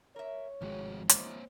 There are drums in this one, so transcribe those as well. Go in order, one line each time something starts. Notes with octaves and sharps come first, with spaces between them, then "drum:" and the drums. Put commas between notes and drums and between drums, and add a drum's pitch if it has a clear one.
A#4 C#5 E5
G#1 F2 D#3 F3 G#3 F#4 G#4
E2 F3 A#3 D#4 C5 C#5, drum: hi-hat